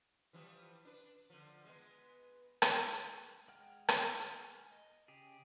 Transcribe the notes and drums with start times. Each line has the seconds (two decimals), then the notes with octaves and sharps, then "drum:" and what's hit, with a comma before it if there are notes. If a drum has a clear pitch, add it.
0.33 E3 F3 G3
0.85 D4 B4
1.30 D3 F3
1.65 G#3 B3
2.62 drum: rim click
3.48 G#3 F#5 G5 F6
3.88 drum: rim click
4.20 B3 F6
4.38 G#5
4.71 D#5
5.08 C#3 G4 G#4